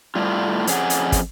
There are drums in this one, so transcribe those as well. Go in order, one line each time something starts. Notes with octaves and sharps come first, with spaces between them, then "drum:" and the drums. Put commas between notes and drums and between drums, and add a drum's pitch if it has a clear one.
A2 G3 F4
F2 C#4 G#4 F#5, drum: hi-hat
drum: hi-hat
drum: kick, hi-hat